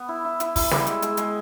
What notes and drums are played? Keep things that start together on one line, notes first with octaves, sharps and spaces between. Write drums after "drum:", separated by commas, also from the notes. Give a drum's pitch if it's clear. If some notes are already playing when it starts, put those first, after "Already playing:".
Already playing: B3
E4
E4
E4, drum: hi-hat
E4, drum: kick, open hi-hat
G3, drum: snare
G#3, drum: hi-hat
G#3, drum: hi-hat
G#3, drum: hi-hat